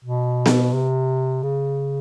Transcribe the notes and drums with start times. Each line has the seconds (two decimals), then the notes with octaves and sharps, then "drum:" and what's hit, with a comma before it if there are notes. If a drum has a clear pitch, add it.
0.05 B2
0.46 drum: snare B3
0.73 C3
1.43 C#3